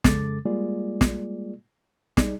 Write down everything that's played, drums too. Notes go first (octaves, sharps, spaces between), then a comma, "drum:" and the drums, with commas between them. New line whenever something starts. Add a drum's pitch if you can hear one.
F2 C#3 G#3 A4 D6 A6, drum: snare
G3 G#3 A#3 F4 G#4 D5
drum: snare
G3 D#4 G#4 D5, drum: snare